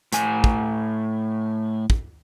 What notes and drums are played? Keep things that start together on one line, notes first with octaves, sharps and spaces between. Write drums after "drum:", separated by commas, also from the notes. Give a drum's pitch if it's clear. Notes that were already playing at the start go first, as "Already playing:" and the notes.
A2 G#5, drum: hi-hat
drum: kick
drum: kick